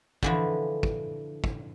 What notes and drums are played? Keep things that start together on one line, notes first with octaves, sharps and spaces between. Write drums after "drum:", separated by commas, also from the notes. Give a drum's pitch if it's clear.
D3 E3 F3, drum: kick
drum: kick
drum: kick